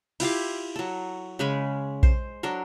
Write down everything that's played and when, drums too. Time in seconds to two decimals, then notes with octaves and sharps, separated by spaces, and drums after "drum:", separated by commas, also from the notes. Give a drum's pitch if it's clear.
0.20 E4 F4 G4 F5, drum: cymbal
0.76 F#3 A4
1.39 C#3 G#3 C#4 B5
2.03 C5, drum: kick A#1
2.43 F#3 D4 A4 A#4